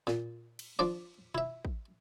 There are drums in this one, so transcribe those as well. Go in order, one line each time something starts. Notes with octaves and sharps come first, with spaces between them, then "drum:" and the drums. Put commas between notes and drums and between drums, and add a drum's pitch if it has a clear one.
A#2, drum: snare
drum: cymbal
F3 D4 D5
E4 E5, drum: tom B2
drum: kick